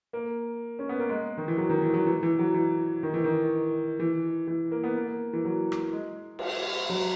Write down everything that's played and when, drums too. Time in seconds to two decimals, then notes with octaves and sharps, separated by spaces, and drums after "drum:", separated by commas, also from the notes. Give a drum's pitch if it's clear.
0.13 A#3
0.79 C#4
0.89 B3
0.99 A#3
1.09 G#3
1.38 D#3
1.48 E3
1.58 F#3
1.70 D#3
1.82 E3
1.94 F#3
2.07 E3
2.23 E3
2.39 F#3
2.54 E3
3.03 D#3
3.14 E3
3.24 D#3
4.00 E3
4.47 E3
4.71 A#3
4.84 B3
4.96 A#3
5.33 E3
5.45 F#3
5.72 drum: rim click
5.93 G#3
6.39 drum: cymbal
6.89 F#3